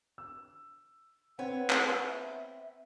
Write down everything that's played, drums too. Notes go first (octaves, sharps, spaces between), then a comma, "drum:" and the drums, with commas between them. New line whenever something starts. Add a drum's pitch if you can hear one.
E6
B3 C4 B4 C#5 F#5
drum: clap
E5